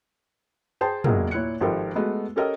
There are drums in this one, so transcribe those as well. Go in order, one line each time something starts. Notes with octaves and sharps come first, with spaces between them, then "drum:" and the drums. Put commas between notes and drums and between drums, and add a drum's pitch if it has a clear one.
G#4 C5 G5 A5
G1 C#2 A#2 F#3 G#4 A#4, drum: tom
A#2 E4 C#5 F#6 C#7
G#1 F3 G4 A4 A#4
G#3 A3 B3 F#4
C#4 G4 A4 A#4 C#5 D#5